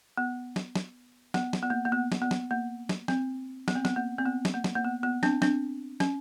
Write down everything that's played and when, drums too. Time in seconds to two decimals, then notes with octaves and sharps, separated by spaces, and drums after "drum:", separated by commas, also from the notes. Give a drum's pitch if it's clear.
0.18 B3
0.56 drum: snare
0.75 drum: snare
1.34 B3, drum: snare
1.53 drum: snare
1.62 B3
1.70 A#3
1.85 A#3
1.92 B3
2.12 drum: snare
2.22 B3
2.31 drum: snare
2.51 A#3
2.89 drum: snare
3.08 C4, drum: snare
3.68 B3, drum: snare
3.75 C4
3.85 B3, drum: snare
3.96 A#3
4.18 C4
4.26 B3
4.45 drum: snare
4.54 A#3
4.64 drum: snare
4.75 A#3
4.84 B3
5.03 B3
5.23 C4 D4, drum: snare
5.42 C4 D4, drum: snare
6.00 C#4, drum: snare